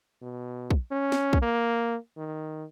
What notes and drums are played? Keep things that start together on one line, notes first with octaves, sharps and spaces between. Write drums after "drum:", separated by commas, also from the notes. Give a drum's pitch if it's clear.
B2
drum: kick
C#4
drum: snare
drum: kick
A#3
D#3